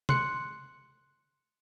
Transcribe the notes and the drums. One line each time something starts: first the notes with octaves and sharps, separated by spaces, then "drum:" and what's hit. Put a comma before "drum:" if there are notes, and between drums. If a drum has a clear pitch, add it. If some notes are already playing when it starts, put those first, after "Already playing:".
C6 F#6 C#7, drum: tom C3